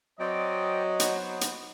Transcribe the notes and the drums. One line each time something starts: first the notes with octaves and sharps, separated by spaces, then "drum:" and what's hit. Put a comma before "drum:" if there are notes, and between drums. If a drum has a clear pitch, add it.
F#3 C4 D5 D#5 G5
B3 C5, drum: hi-hat
drum: hi-hat